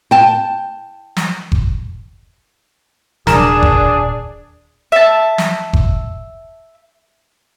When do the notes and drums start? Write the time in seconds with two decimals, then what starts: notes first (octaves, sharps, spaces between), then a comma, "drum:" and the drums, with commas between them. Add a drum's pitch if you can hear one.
0.11 G5 A5
1.17 drum: snare
1.52 drum: kick F#1
3.27 D#1 C2 D4 G#4 A#4 E7, drum: snare
3.63 drum: kick F#1
4.92 E5 A5
5.38 drum: snare
5.73 drum: kick F#1